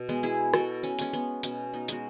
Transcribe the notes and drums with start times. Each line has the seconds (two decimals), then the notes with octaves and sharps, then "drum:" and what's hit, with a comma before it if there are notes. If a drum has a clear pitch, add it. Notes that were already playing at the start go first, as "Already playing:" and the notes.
Already playing: B2
0.09 G#3 B3
0.23 E4 G#4
0.54 B2 F#4 A4, drum: rim click
0.83 C#4
0.99 G#3 B3 C#4, drum: hi-hat
1.13 B3
1.43 B2 C#4, drum: hi-hat
1.73 B3 D#4
1.88 G#3 B3 F#4, drum: hi-hat